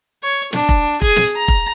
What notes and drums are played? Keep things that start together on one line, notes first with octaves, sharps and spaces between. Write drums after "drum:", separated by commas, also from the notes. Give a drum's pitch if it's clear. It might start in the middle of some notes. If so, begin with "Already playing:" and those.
C#5
D4, drum: snare
drum: kick F1
G#4, drum: kick F1
drum: snare
A#5
drum: kick F1